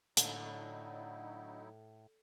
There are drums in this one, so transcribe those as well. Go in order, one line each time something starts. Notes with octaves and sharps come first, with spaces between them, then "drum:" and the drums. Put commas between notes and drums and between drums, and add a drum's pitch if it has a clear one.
A2 D3 F#3 D#4 E4, drum: hi-hat